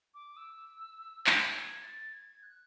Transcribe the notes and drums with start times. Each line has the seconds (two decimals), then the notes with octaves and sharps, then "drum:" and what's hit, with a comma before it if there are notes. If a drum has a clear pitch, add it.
0.14 D6
0.37 E6
1.27 drum: clap
1.51 G#6
1.82 A6
2.13 G#6
2.43 F#6